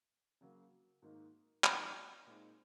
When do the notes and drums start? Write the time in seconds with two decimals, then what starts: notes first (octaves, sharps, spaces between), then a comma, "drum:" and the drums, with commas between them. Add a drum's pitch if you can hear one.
0.41 C#3 F#3 A#3
1.02 G#2 D#3 A#3 D#4
1.64 C3 D#3 F#3 A#3 C#4, drum: clap
2.27 A#2 G#3 C4 D#4